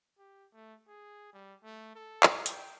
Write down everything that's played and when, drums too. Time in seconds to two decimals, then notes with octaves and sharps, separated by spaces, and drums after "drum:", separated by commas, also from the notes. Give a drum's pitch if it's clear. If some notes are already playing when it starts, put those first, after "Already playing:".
0.18 G4
0.53 A3
0.88 G#4
1.33 G3
1.63 A3
1.95 A4
2.23 drum: clap
2.46 G5, drum: hi-hat